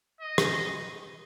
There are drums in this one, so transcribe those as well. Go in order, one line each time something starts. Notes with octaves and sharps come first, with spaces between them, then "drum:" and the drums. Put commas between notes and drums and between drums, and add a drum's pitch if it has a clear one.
D#5
drum: rim click